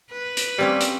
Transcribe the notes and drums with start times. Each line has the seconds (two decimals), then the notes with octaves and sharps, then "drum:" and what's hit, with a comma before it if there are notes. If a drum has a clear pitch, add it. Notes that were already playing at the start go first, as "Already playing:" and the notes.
0.11 B4
0.37 drum: hi-hat
0.59 G3 A#3 C4 C#4
0.80 drum: hi-hat